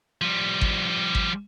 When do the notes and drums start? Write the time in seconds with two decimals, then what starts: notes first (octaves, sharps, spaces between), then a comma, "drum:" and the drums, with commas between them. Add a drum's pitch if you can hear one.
0.21 F3 G3
0.61 drum: kick G#1
1.15 drum: kick G#1